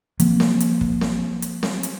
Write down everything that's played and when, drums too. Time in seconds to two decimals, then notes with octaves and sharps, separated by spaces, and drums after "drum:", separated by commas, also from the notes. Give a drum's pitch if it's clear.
0.20 F3 A#3 C4, drum: hi-hat
0.40 drum: snare C4
0.60 drum: hi-hat
0.81 drum: kick
1.01 drum: snare C4
1.42 drum: hi-hat
1.63 drum: snare C4
1.83 drum: hi-hat